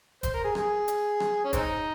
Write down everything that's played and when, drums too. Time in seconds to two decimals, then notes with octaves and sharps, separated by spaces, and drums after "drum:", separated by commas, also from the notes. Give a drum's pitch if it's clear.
0.23 C5, drum: kick E1, hi-hat
0.34 A#4
0.44 G#4
0.55 G#4, drum: rim click
0.88 drum: hi-hat
1.20 drum: rim click
1.44 C#4
1.53 G#3 C4 D#4, drum: kick E1, hi-hat